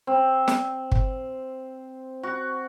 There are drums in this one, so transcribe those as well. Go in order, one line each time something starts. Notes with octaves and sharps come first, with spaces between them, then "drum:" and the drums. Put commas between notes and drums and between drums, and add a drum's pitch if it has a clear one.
C4
drum: snare
drum: kick
F#4